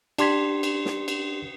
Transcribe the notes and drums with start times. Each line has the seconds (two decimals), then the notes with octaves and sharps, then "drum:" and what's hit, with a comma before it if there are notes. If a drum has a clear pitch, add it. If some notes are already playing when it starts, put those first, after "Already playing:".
0.18 D4 G4 C6 G#6 B6, drum: cymbal
0.63 drum: cymbal
0.85 drum: snare
1.08 drum: cymbal